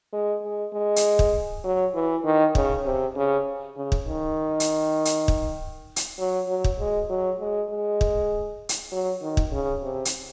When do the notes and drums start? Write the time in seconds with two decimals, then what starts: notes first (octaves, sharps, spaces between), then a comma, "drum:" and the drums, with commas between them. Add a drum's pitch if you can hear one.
0.13 G#3
0.43 G#3
0.73 G#3
0.96 drum: hi-hat
1.19 drum: kick
1.64 F#3
1.95 E3
2.25 D#3
2.55 C#3, drum: kick
2.86 C3
3.16 C#3
3.77 C#3
3.92 drum: kick
4.07 D#3
4.60 drum: hi-hat
5.05 drum: hi-hat
5.28 drum: kick
5.96 drum: hi-hat
6.19 F#3
6.49 F#3
6.64 drum: kick
6.80 G#3
7.10 F#3
7.40 G#3
7.70 G#3
8.01 drum: kick
8.69 drum: hi-hat
8.92 F#3
9.22 D#3
9.37 drum: kick
9.52 C#3
9.83 C3
10.05 drum: hi-hat